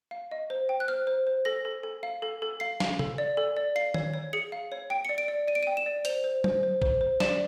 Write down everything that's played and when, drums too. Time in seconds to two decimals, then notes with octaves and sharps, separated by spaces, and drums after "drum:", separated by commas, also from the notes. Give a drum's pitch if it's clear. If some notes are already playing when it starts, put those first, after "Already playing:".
0.11 F5
0.31 D#5
0.50 C5
0.69 G5
0.80 F#6
0.88 C5 F6
1.07 C5
1.27 C5
1.45 A4 A#6
1.65 A4
1.83 A4
2.03 F5
2.22 A4
2.42 A4
2.60 F5 C7
2.80 F5, drum: snare
2.99 A4, drum: tom
3.18 D5
3.37 A4
3.57 D5
3.76 F5 C7
3.94 C#5, drum: tom D#3
4.14 C#5
4.33 G#4 C#7
4.52 F5
4.72 C#5
4.90 G5 D7
5.05 D5 C#7
5.18 D7
5.28 D5
5.47 D5 D#7
5.55 D7
5.63 G5 D#7
5.77 E7
5.86 D5
6.05 C5 F7, drum: hi-hat
6.24 C5
6.44 C5, drum: tom F#3
6.63 C5
6.82 C5, drum: kick A#1
7.01 C5
7.20 D5 E7, drum: snare